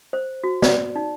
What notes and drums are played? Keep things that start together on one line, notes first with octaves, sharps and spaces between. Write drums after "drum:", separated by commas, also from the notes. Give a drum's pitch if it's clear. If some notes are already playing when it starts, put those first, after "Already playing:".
C5
F#4
D5, drum: snare
D#4